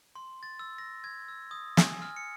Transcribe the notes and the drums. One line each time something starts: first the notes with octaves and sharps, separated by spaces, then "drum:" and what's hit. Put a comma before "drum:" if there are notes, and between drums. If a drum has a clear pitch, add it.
C6
A6
E6
A#6
G#6
E6
D#6
G#5, drum: snare
F6
C#7